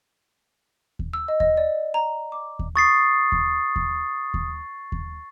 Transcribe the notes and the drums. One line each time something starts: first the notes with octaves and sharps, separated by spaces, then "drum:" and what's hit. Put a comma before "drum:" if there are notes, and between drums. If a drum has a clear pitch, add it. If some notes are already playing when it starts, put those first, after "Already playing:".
drum: kick D#2
E6
D#5
D#5, drum: kick D#2
D5
A#5
D6
drum: kick D#2
C#6 D#6 A6 C7
drum: kick D#2
drum: kick D#2
drum: kick D#2
drum: kick D#2